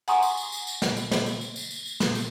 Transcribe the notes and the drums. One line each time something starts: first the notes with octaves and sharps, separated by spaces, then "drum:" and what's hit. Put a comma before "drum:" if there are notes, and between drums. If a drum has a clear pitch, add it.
F#5 G#5 A#5 C6 C#6 D#6, drum: tambourine
drum: tambourine
drum: tambourine
drum: tambourine
drum: tambourine
drum: snare
drum: tambourine
drum: snare
drum: tambourine
drum: tambourine
drum: tambourine
drum: tambourine
drum: tambourine
drum: snare
drum: tambourine